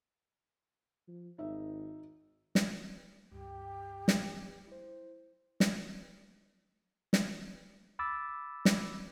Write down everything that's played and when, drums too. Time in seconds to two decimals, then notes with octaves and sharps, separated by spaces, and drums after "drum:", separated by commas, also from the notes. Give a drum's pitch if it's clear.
1.08 F3
1.38 G#1 D#4 E5
2.55 drum: snare
3.31 C#2 G2 G4
4.08 drum: snare
4.67 E4 C5
5.60 drum: snare
7.13 drum: snare
7.99 B5 D6 E6 A6
8.65 drum: snare